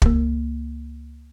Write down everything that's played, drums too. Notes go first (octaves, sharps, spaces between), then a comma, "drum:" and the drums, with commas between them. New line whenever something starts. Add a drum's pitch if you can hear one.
C#2 A#3, drum: kick